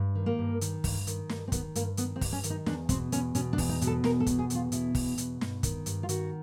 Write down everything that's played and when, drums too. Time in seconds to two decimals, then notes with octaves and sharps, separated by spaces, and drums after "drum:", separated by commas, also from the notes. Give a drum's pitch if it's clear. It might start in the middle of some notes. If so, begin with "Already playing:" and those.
Already playing: G2
0.15 D#3
0.26 A#3
0.39 G2
0.61 D#3, drum: hi-hat
0.84 G2, drum: kick, open hi-hat
1.07 D#3, drum: hi-hat
1.29 G2 A#3, drum: snare
1.48 C4
1.52 D#3 B3, drum: kick, hi-hat
1.75 G2 A#3, drum: hi-hat
1.97 D#3 B3, drum: hi-hat
2.16 C4
2.21 G2, drum: kick, open hi-hat
2.32 C#4
2.43 D#3, drum: hi-hat
2.50 D#4
2.66 E2 D4, drum: snare
2.89 B2 C4, drum: kick, hi-hat
3.12 E2 C#4, drum: hi-hat
3.35 B2 C#4, drum: hi-hat
3.53 D4
3.58 E2, drum: kick, open hi-hat
3.69 D#4
3.81 B2, drum: hi-hat
3.87 A4
4.04 E2 A#4, drum: snare
4.20 A4
4.26 B2, drum: kick, hi-hat
4.38 G#4
4.50 E2 F4, drum: hi-hat
4.72 B2 E4, drum: hi-hat
4.95 E2, drum: kick, open hi-hat
5.18 B2, drum: hi-hat
5.41 G2, drum: snare
5.63 D#3, drum: kick, hi-hat
5.86 G2, drum: hi-hat
6.03 F4
6.09 D#3 F#4, drum: hi-hat